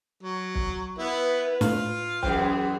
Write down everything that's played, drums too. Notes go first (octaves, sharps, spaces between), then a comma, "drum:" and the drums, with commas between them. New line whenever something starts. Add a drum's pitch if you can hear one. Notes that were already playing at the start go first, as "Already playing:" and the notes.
F#3
drum: kick
B3 E4 B4
A2 F4 F5, drum: snare
F#2 E3 G#4 C5 G5, drum: kick